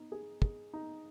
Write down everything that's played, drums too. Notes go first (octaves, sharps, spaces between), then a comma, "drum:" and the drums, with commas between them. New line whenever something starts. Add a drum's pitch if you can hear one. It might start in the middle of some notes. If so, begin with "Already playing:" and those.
Already playing: B3 D#4
G#4
G#4, drum: kick
D#4